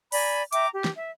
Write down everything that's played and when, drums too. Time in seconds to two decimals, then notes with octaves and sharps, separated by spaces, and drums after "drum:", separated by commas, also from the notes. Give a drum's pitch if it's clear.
0.12 D5 G#5 A#5 B5, drum: open hi-hat
0.53 E5 G5 A#5 D6, drum: hi-hat
0.73 G4
0.84 drum: snare
0.97 E5